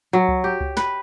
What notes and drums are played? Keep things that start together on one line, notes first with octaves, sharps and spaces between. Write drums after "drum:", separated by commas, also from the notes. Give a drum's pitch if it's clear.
F#3
drum: kick C#2
G4
drum: kick C#2
B4, drum: snare